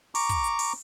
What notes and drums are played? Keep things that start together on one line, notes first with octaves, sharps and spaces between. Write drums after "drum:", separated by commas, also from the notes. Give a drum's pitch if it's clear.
A#5 C#6 D6, drum: open hi-hat
drum: kick, hi-hat
drum: hi-hat
drum: open hi-hat